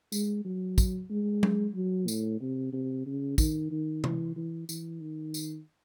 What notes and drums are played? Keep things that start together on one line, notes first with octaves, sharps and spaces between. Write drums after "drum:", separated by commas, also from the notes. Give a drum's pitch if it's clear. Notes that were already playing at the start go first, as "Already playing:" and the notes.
G#3, drum: tambourine
F#3
drum: kick, tambourine
G#3
drum: tom F#3
F#3
A2, drum: tambourine
C3
C3
C#3
D#3, drum: kick, tambourine
D#3
E3, drum: tom C3
E3
E3, drum: tambourine
D#3
drum: tambourine